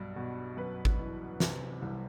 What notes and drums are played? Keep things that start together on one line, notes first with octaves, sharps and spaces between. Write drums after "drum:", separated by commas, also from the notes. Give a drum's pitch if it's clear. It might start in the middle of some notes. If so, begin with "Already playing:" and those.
Already playing: B1 G2
B2
F#2 B4
drum: kick G#1
E3
C3, drum: snare
C2